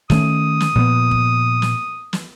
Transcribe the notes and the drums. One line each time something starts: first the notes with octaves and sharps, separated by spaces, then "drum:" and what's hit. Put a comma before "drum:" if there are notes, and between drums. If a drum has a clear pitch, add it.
D#3 A3 C#4 D#6, drum: snare
drum: snare
A#2 F3 B3
drum: kick
drum: snare
drum: snare